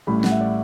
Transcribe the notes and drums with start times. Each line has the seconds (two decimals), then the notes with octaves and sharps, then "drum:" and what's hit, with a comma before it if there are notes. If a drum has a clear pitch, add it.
0.07 A1 A2 G3 B5
0.24 F#5, drum: snare
0.31 E5
0.41 D5